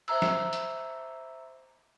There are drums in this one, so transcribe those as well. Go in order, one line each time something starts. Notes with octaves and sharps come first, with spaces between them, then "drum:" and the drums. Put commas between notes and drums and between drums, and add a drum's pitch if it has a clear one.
C5 E5 A#5 E6, drum: cymbal
drum: snare
drum: hi-hat